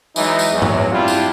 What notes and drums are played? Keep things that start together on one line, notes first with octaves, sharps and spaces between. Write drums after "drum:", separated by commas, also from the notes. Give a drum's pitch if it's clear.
E3 F#3 G#3 D#4, drum: tambourine
drum: tambourine
E2 F#3
drum: tom G2
G3 C4 D4 E4 F4
drum: tambourine